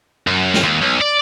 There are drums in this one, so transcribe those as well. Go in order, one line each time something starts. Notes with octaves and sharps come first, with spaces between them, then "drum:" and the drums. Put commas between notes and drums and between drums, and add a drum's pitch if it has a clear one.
F#2
drum: snare
D#2
B1
D5